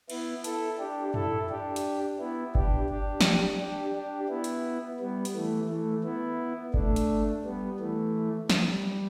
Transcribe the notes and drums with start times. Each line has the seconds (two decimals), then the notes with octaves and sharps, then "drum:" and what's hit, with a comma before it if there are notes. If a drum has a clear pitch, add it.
0.10 B3 E4, drum: cymbal
0.44 E4 A4, drum: hi-hat
0.79 D4 G4
1.14 E4 A4, drum: tom
1.50 D4 G4
1.76 drum: hi-hat
2.19 B3 E4
2.55 D4 G4, drum: kick F#1
2.89 D4 G4
3.21 drum: snare
3.60 D4 G4
3.95 D4 G4
4.29 B3 E4
4.44 drum: hi-hat
5.00 G3 B3
5.25 drum: hi-hat
5.35 E3 A3
5.69 E3 A3
6.04 B3 E4
6.74 A3 D4, drum: kick F#1
6.96 drum: hi-hat
7.45 G3 B3
7.80 E3 A3
8.50 G3, drum: snare